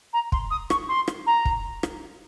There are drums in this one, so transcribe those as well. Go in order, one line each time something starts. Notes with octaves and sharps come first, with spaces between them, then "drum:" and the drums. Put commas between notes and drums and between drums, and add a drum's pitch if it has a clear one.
A#5
C6, drum: kick
D#6
C#6, drum: rim click
C6
drum: rim click
A#5
drum: kick
drum: rim click